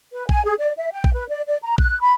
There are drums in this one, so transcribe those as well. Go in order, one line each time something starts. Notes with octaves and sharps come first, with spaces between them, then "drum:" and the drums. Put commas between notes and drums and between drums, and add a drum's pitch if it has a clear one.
B4
G#5, drum: kick A#1
G#4
D5
E5
G5
drum: kick A#1
B4
D5
D5
A#5
F#6, drum: kick A#1
B5